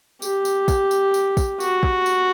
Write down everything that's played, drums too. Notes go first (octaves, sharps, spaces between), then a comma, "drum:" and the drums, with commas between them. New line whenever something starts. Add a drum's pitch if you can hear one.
G4, drum: tambourine
drum: tambourine
drum: kick, tambourine
drum: tambourine
drum: tambourine
drum: kick, tambourine
F#4, drum: tambourine
drum: kick
drum: tambourine